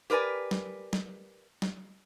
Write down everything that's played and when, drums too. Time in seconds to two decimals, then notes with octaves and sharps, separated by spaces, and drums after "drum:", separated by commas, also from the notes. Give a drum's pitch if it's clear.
0.10 G4 A#4 B4 D5 G#5
0.51 drum: snare
0.93 drum: snare
1.62 drum: snare